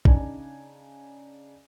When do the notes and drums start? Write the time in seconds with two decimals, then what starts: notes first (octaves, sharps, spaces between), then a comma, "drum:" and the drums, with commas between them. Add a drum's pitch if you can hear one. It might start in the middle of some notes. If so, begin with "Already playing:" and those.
0.05 C#3 D4 D#4 D5 G#5, drum: kick A1